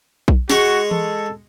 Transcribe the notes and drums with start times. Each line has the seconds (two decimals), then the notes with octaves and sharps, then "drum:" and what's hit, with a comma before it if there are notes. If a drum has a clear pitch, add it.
0.28 drum: kick B1
0.50 G#3 F#4 D#5 C#6, drum: snare
0.91 A4, drum: tom E3